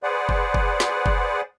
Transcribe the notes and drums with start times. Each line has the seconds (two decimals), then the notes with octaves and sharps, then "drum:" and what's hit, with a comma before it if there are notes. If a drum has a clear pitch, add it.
0.03 G#4 B4 C5 D5 F#5
0.29 drum: kick F#1
0.54 drum: kick F#1
0.80 drum: snare
1.06 drum: kick F#1